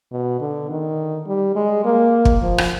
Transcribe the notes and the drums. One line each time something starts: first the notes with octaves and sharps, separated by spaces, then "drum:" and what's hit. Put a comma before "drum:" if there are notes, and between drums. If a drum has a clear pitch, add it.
B2
D3
D#3
G3
G#3
A#3
drum: kick
F3
drum: rim click